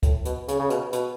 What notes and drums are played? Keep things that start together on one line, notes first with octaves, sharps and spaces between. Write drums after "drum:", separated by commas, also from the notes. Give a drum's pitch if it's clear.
A2, drum: kick, hi-hat
B2, drum: hi-hat
C#3, drum: hi-hat
C#3
B2, drum: hi-hat
B2, drum: hi-hat